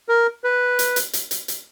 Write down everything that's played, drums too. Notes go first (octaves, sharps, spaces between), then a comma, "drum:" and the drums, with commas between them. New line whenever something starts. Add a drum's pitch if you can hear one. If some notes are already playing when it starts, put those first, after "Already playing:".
A#4
B4
drum: hi-hat
drum: hi-hat
drum: hi-hat
drum: hi-hat
drum: hi-hat